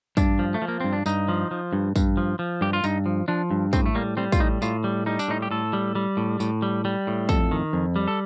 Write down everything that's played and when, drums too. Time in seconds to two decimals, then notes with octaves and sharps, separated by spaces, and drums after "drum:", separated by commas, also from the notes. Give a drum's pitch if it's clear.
0.17 G2 D4, drum: kick, tambourine
0.39 F3
0.54 A3
0.62 F3
0.68 A#3
0.80 G2 C4
0.93 D4
1.06 G2 D#4, drum: tambourine
1.28 F3
1.51 F3
1.73 G2
1.96 G2, drum: kick, tambourine
2.17 F3
2.39 F3
2.61 G2 G4
2.73 F4
2.84 G2 D#4, drum: tambourine
3.06 F3
3.28 F3 D4
3.51 G2
3.73 A2 C4, drum: kick, tambourine
3.86 A3
3.95 G3 A#3
4.17 G3 C4
4.32 F4, drum: kick, tambourine
4.39 A2 D#4
4.62 A2 F4, drum: tambourine
4.84 G3
5.06 G3 D#4
5.19 D4, drum: tambourine
5.28 A2 D#4
5.42 G4
5.51 A2 A4
5.73 G3
5.95 G3
6.17 A2
6.40 A2, drum: tambourine
6.62 G3
6.85 G3
7.07 A2
7.29 F2 A4, drum: kick, tambourine
7.51 D#3
7.73 F2
7.96 G3
8.08 A4